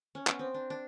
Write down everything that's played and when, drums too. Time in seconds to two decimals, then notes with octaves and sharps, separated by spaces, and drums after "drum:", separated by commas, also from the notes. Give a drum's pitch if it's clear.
0.15 C#4
0.27 B3, drum: clap
0.39 C4
0.54 D4
0.70 D4